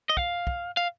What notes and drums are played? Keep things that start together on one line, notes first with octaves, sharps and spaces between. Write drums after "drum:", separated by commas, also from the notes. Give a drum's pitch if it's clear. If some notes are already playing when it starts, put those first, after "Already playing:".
D#5
F5, drum: kick
drum: kick
F5